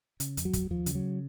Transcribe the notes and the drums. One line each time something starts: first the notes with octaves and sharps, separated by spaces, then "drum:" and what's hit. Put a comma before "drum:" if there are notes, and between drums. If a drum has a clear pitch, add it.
C#3, drum: hi-hat
F2, drum: hi-hat
F#3
F2, drum: kick, hi-hat
D#2 F3
C#3, drum: hi-hat
F#3